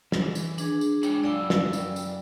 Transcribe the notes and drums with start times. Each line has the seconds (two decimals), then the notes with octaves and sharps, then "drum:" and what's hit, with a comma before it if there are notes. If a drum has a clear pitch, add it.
0.12 E3, drum: snare
0.35 drum: tambourine
0.58 D4 G#4, drum: tambourine
0.81 drum: tambourine
1.03 G#3 D4 F4 C#5 G5, drum: tambourine
1.23 F#2 D5 F5 G5 E6
1.50 drum: snare
1.73 drum: tambourine
1.96 drum: tambourine